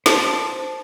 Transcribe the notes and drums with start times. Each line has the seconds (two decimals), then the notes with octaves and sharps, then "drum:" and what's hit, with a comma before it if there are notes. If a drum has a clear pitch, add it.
0.06 C5 A5, drum: snare